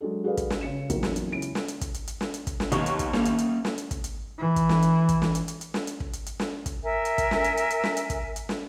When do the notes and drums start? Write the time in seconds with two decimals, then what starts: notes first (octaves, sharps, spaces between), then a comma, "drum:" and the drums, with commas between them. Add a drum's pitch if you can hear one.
0.01 F#3 G#3 D4 A4
0.24 F#4 G#4 A4 B4 D5 F5
0.37 drum: kick, hi-hat
0.50 drum: snare
0.61 C#3 C#7 E7
0.90 A#1 E2 F#3 D#4 A#4, drum: kick, hi-hat
1.03 drum: snare
1.16 drum: hi-hat
1.32 C#2 C#4 E4 D7
1.42 drum: hi-hat
1.55 drum: snare
1.68 drum: hi-hat
1.81 drum: kick, hi-hat
1.94 drum: hi-hat
2.07 drum: hi-hat
2.21 drum: snare
2.34 drum: hi-hat
2.47 drum: kick, hi-hat
2.60 drum: snare
2.72 D#2 B3 C#5 D#5 C#6, drum: hi-hat
2.86 drum: hi-hat
2.99 drum: kick, hi-hat
3.13 A#3 C#4, drum: snare
3.25 drum: hi-hat
3.38 drum: hi-hat
3.65 drum: snare
3.78 drum: hi-hat
3.91 drum: kick, hi-hat
4.04 drum: hi-hat
4.39 E3
4.56 drum: kick, hi-hat
4.69 drum: snare
4.82 drum: hi-hat
5.09 drum: kick, hi-hat
5.22 drum: snare
5.35 drum: hi-hat
5.48 drum: hi-hat
5.61 drum: hi-hat
5.74 drum: snare
5.87 drum: hi-hat
6.00 drum: kick
6.13 drum: hi-hat
6.26 drum: hi-hat
6.40 drum: snare
6.66 drum: kick, hi-hat
6.83 A#4 E5 G#5
7.05 drum: hi-hat
7.18 drum: kick, hi-hat
7.31 drum: snare
7.44 drum: hi-hat
7.57 drum: hi-hat
7.70 drum: hi-hat
7.84 drum: snare
7.97 drum: hi-hat
8.10 drum: kick, hi-hat
8.36 drum: hi-hat
8.49 drum: snare